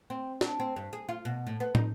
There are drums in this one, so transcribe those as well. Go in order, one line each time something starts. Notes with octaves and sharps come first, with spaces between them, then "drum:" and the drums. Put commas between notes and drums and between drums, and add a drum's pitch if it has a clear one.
C4
D4, drum: snare
C4
G2
G#4
F4
B2
A2
B3
D#4, drum: tom